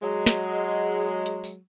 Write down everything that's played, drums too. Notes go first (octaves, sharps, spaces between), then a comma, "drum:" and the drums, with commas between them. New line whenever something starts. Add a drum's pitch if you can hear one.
F#3 G#3
drum: snare
drum: hi-hat
drum: tambourine